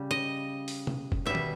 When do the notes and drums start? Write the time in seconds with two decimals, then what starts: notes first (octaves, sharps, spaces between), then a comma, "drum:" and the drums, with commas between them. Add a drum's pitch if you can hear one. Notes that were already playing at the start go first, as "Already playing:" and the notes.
Already playing: C#3 G3
0.11 D#5
0.68 drum: open hi-hat
0.87 drum: tom C3
1.12 drum: kick F#1
1.26 B2 G3 E5
1.35 drum: tom